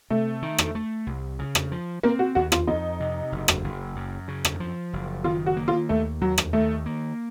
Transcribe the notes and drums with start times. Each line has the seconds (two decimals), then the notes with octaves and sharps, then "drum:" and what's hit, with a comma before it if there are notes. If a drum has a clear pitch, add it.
0.10 C3 A3
0.42 D#3
0.58 drum: rim click
0.75 A3
1.07 C2
1.39 C#3
1.55 drum: rim click
1.72 F3
2.04 A#3 C4
2.19 F#4
2.35 D#2 F#4
2.52 F4, drum: rim click
2.67 F2 D#4
3.00 C3
3.32 F#1
3.48 drum: rim click
3.64 F#1
3.96 F#2
4.28 C#3
4.45 drum: rim click
4.60 F3
4.93 F#1
5.24 D#3 F4
5.46 F#4
5.57 A#3
5.68 F4
5.89 D#2 A3
6.21 D#2 F#3
6.38 drum: rim click
6.53 D#3 A3
6.86 A#3